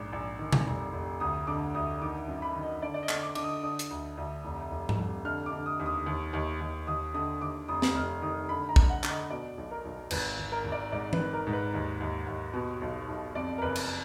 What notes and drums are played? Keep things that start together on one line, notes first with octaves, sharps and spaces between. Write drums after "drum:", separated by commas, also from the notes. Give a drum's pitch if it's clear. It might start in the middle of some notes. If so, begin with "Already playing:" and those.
Already playing: A#1 G#2 D6
A#1
D#3
drum: tom B2
F1
F1
D2 D#6
D3 D6
D2 D#6
D#3 D6
F#2
B5
D#3
D#5
D3 D5
D5
D#5
D3, drum: clap
D6
D3 D6, drum: cymbal
D#6
D3 D#6
drum: hi-hat
D2
D2
F1
F1
drum: tom G#2
F1
D3 F6
D6
D3
D#6
D#2
D#6
D#2
D#2
D#2
D#2 D#6
D3 D#6
D#2 D6
F1 D#6
drum: snare
F1 F6
D#3 D#6
D3 B5
A#5
D3, drum: kick
F#5
D3, drum: clap
D#5
B2 D5
B1
A#4
B1
G#1 B4, drum: cymbal
G#1
A#4
G#1
D5
G#2 D5
B4, drum: tom E3
D#3
A#4
G#2
B4
D#2
D#2
D#2
B2
B1
B1
F2 D5
A#4
F#1 B4
drum: cymbal